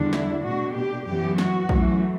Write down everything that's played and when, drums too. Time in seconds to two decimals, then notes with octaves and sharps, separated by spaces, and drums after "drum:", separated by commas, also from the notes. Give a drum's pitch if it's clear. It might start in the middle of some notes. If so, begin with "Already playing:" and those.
Already playing: E2 D3 G3 D4
0.13 E4, drum: snare
0.44 B2 A3 D4 F#4
0.76 G4
1.06 F#2 E3 B3 G4
1.38 F#4, drum: snare
1.69 F#2 E3 A3, drum: kick